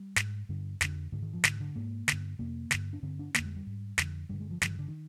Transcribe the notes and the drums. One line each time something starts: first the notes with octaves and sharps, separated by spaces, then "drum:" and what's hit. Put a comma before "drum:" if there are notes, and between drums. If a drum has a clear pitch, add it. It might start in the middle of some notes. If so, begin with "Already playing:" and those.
Already playing: G3
G#2, drum: snare
G2 D3
F2 D3, drum: snare
G#2 D3
D#3
F3
G#2 D3, drum: snare
D3
G#2 A#3
G2 D3, drum: snare
F2 C3 A#3
G2 D3, drum: snare
D4
G2 D3 C4
D4
F2 D3 A#3, drum: snare
G#3
G3
G#2
F2 D3, drum: snare
G2 D3 G3
G#3
F3
G2 D3 F3, drum: snare
D#3
D3
D#3